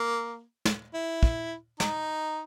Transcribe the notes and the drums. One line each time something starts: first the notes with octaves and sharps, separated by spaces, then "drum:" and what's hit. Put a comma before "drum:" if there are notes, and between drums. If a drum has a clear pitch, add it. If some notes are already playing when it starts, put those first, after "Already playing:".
Already playing: A#3
drum: snare
E4
drum: kick
D#4, drum: snare